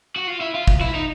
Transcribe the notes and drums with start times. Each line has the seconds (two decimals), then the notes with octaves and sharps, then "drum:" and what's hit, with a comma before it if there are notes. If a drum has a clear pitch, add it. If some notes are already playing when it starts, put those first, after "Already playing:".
0.16 F#4
0.27 F4
0.41 E4
0.54 F4
0.67 drum: kick
0.81 E4
0.94 D#4